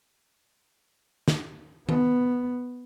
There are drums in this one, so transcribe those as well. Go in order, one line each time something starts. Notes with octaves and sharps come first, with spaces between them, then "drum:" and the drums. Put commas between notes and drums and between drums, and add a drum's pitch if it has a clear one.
drum: snare
B3, drum: tom D#3